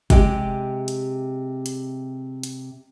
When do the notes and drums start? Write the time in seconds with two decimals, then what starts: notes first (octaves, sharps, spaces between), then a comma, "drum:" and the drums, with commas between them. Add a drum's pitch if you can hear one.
0.10 C3 G#3 G4, drum: kick, hi-hat
0.88 drum: hi-hat
1.66 drum: hi-hat
2.43 drum: hi-hat